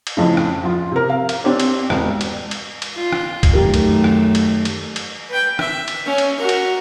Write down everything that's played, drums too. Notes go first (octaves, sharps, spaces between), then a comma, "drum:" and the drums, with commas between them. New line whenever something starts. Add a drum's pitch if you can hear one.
drum: cymbal
F2 A2 C#3
drum: rim click
F3 F4
C3 A#4
F5
drum: cymbal
C4 D4 G4 C#5
drum: cymbal
E1, drum: rim click
drum: cymbal
drum: cymbal
drum: cymbal
F4
drum: rim click
drum: kick, cymbal
F#2 D#3 A3 G4 A#4
drum: cymbal
drum: rim click
drum: cymbal
drum: cymbal
drum: cymbal
B4 G5
E5, drum: rim click
drum: cymbal
C#4
drum: cymbal
F#4 A#4
drum: cymbal